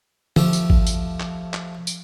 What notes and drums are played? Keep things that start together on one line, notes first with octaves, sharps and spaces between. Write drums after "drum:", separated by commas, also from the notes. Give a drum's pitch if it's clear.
F3 A3 G4, drum: tom D3
drum: tambourine
drum: kick
drum: tambourine
drum: clap
drum: clap
drum: tambourine